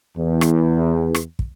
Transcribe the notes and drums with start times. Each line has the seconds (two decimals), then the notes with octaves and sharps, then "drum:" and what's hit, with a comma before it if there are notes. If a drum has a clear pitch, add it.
0.17 E2
0.41 drum: rim click
1.15 drum: rim click
1.39 drum: kick